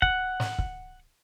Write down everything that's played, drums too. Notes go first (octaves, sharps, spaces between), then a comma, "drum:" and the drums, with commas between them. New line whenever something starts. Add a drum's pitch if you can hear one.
F#5, drum: kick
drum: snare
drum: kick